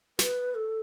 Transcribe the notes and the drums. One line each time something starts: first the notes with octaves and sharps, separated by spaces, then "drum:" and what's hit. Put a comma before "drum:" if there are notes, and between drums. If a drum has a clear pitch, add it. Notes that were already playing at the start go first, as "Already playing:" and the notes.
B4, drum: snare
A4